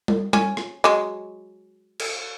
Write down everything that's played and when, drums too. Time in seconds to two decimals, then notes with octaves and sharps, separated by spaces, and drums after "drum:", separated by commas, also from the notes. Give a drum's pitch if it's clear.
0.08 drum: tom G3
0.33 C#4, drum: tom G3
0.57 drum: rim click
0.84 F#3 G#3
2.00 drum: cymbal